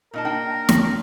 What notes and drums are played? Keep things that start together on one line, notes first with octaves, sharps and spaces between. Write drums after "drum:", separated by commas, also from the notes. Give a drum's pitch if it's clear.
A#2 D#4 A#4 A5
A#3 D4 G5
drum: snare